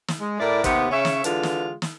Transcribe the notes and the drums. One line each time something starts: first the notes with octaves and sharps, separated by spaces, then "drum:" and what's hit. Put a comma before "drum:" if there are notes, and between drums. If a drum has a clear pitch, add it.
drum: snare
G#3
A2 E4 A#4 D5
D#2 C3 B3, drum: kick, hi-hat
C#3 C#4 C#5 E5
drum: snare
D3 E3 G#3 D4 F4, drum: hi-hat
drum: snare
drum: snare